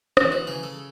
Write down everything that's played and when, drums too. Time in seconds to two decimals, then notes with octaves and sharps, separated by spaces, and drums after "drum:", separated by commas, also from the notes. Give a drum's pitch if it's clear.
0.17 E3 F#4, drum: rim click
0.32 F#4
0.47 C#3 G#4
0.63 A4